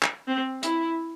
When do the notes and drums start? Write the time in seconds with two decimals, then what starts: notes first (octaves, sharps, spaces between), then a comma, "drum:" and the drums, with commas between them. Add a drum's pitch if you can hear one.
0.03 drum: clap
0.27 C4
0.63 E4, drum: hi-hat